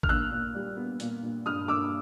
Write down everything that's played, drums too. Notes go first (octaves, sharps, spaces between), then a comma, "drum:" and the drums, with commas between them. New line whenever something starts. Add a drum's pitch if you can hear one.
F6, drum: kick A1
A#2 E6 F#6
A#2
G3
B3
A#2, drum: hi-hat
A#2
G2 D#6 F6
G2 D6 E6